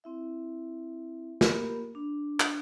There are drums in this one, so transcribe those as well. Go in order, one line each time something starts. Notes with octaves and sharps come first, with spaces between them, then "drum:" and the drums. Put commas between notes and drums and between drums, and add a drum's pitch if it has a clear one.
C4 E4 E5
A#3 F4 G4 A#4 B5, drum: snare
D4
drum: clap